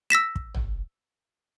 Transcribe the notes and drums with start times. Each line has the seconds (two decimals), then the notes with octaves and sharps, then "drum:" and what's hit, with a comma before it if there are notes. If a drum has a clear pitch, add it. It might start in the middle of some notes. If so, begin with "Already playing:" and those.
0.10 E6 A#6 B6 E7
0.36 drum: kick
0.54 drum: tom